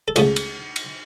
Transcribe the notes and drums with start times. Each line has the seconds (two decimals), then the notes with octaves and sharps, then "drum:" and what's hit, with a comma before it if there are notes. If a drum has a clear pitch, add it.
0.08 A4
0.16 C#2 C#3 A3 F#4, drum: cymbal
0.36 drum: cymbal
0.76 drum: cymbal